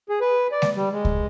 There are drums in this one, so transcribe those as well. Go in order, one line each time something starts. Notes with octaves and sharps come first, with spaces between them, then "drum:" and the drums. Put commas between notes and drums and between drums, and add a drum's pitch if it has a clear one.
G#4
B4
D5
drum: snare G#3
G3
G#3
drum: kick C#2